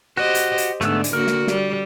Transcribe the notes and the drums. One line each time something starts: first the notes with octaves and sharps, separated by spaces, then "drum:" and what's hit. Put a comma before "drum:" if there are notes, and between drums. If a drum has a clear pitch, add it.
F#4 G4 C5 D#5
drum: hi-hat
drum: hi-hat
G#2 D3 A3 B3 D4 E6, drum: snare
drum: hi-hat
D3 A#3 F#4 A#4
drum: snare
G3, drum: snare